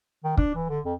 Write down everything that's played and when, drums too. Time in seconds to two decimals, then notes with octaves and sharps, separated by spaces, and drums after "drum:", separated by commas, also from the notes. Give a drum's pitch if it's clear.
0.24 D#3
0.37 D4, drum: kick
0.55 E3
0.69 D3
0.85 F2